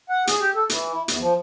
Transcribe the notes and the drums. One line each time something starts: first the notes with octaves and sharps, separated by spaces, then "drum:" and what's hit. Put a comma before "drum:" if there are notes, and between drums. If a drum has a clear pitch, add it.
F#5
G#4, drum: hi-hat
G4
A4
E3, drum: hi-hat
E4
E2, drum: hi-hat
F3